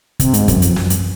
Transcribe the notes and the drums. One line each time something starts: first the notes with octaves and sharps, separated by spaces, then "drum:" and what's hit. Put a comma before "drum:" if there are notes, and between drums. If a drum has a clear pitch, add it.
C3, drum: kick, hi-hat
G#2, drum: hi-hat
F#2, drum: kick, hi-hat
F2, drum: hi-hat
F#2, drum: snare
drum: hi-hat